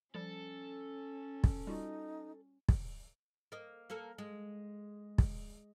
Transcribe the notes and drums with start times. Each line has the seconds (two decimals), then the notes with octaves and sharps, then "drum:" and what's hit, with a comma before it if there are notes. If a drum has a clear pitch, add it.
0.15 F3 G3 C#4 A4
1.44 drum: kick
1.67 G3 D#4 F4 F#4
2.69 drum: kick
3.52 A#3 D#5
3.90 A#3 A4 A#4
4.18 G#3
5.18 drum: kick